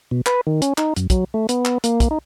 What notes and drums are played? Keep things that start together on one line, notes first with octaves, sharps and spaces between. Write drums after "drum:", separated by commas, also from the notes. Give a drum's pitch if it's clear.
B2
B4, drum: clap
D#3
C#4, drum: hi-hat
D#4, drum: clap
F#2, drum: hi-hat
F#3, drum: kick, hi-hat
A3
B3, drum: hi-hat
drum: clap
A#3, drum: hi-hat
drum: kick, hi-hat
D#4